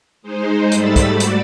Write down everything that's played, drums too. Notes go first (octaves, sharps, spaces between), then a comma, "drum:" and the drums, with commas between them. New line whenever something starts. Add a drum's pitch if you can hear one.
G#3 D#4 C5
G#2 G3 A3 B5 E6 A6, drum: hi-hat
drum: kick, hi-hat
F#4 D5
drum: hi-hat